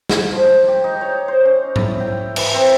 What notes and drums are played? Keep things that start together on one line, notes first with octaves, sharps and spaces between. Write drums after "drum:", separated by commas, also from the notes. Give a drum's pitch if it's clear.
drum: snare
F3
G4
D#4
C#5
C5
C#4
E4, drum: tom G#2
G5
E3, drum: cymbal
C4